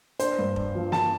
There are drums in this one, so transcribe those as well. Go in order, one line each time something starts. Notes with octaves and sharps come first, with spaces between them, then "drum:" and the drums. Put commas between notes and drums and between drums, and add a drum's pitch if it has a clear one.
D4 C5, drum: hi-hat
G2
D4, drum: kick
F3
F3 A5, drum: snare